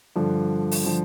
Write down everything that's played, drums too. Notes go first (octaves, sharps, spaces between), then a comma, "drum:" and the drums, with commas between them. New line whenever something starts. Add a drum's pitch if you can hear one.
G2 D3 F3
drum: open hi-hat
D3 F3